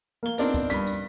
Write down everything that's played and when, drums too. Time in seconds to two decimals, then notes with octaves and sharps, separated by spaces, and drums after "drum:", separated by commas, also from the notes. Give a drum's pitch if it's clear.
0.23 A#3 G7
0.38 B3 C4 D4 D#4 F4 A#4, drum: tambourine
0.54 drum: kick, tambourine
0.70 G2 B5 B6, drum: tambourine
0.87 drum: tambourine